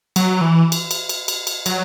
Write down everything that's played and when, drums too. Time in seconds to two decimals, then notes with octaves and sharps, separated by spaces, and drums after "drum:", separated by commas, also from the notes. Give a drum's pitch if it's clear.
0.16 F#3, drum: cymbal
0.41 E3
0.72 drum: cymbal
0.91 drum: cymbal
1.09 drum: cymbal
1.28 drum: cymbal
1.47 drum: cymbal
1.66 F#3, drum: cymbal